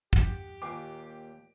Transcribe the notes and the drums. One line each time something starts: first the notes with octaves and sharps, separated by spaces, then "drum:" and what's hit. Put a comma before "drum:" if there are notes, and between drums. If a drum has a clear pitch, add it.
G4 F#5 D#6, drum: kick
D#2 A#2 G5 G#5 D6